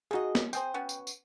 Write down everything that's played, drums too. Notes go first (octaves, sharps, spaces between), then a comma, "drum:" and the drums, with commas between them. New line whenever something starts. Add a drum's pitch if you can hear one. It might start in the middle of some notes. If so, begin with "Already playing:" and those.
F3 D#4 F#4 G#4 D#5
drum: snare
C4 G#4 C5 G5, drum: tambourine
B3 C#4 F#4
drum: tambourine
drum: tambourine